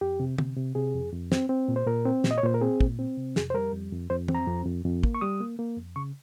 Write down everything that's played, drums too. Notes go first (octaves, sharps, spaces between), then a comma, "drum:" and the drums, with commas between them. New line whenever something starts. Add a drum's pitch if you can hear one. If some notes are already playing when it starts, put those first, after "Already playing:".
F2 G4
C3
C3, drum: tom
C3
C3 G#4
F2
F2
C4, drum: snare
C4
A#2
C5
A#2 A#4
C4
A#2, drum: snare
D#5
C#5
A#2 C5
A#4
C4 G#4
A#2, drum: kick
C4
C3
F2 G#4, drum: snare
C5
G3 A#4
F2
F2
F2 C5
C4, drum: tom
A#5
F2
F2
F2
A#3, drum: kick
C#6
G3 D#6
A#3
A#3
F2
C#3 C#6